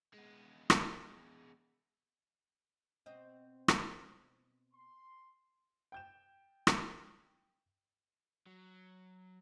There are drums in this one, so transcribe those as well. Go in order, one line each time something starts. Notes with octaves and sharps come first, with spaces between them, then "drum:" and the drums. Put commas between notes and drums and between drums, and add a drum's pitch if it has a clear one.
G#3 B3
drum: rim click
B2 C4 D#5
drum: rim click
C6
G5 G6 E7
drum: rim click
F#3